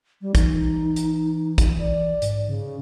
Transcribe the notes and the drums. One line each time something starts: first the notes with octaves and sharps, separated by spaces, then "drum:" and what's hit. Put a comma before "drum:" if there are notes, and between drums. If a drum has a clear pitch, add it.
G3
E3 D#4, drum: kick, hi-hat
drum: hi-hat
drum: kick, hi-hat
D5
G#2, drum: hi-hat
C#3